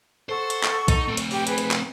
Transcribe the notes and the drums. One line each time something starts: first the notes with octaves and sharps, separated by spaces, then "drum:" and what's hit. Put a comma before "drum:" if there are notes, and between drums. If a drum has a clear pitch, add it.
A4 C5 F#5 C#6
drum: hi-hat
drum: clap
D#4, drum: kick, hi-hat
A3 C4
drum: hi-hat
G4 G5 D6, drum: open hi-hat
G#4 B4, drum: hi-hat
drum: hi-hat
drum: clap